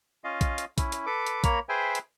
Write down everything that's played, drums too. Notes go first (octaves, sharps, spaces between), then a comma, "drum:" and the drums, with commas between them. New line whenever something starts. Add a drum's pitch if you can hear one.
C#4 F4 D#5 F5
drum: kick A#1, hi-hat
drum: hi-hat
C#4 E4, drum: kick A#1, hi-hat
drum: hi-hat
A4 B4 D6
drum: hi-hat
A#3 A#4 C#5 A#5 B5, drum: kick A#1, hi-hat
G#4 B4 C5 E5 G5 G#5
drum: hi-hat